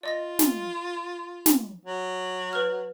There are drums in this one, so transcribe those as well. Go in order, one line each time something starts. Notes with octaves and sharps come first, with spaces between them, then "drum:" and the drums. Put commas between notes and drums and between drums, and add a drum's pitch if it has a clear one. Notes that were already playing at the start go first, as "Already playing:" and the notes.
F4 D5 D#5 A#6
drum: snare
drum: snare
F#3
B4 F6